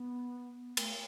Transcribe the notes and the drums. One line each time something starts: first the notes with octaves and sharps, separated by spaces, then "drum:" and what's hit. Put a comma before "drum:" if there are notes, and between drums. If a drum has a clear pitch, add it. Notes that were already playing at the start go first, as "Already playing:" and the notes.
Already playing: B3
A3, drum: cymbal